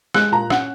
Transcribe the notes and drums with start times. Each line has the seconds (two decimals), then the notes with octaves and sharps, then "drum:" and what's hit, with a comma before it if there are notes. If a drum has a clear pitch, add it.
0.14 G#3 F#6, drum: rim click
0.32 A#2 A#5
0.50 C#4 F#5, drum: rim click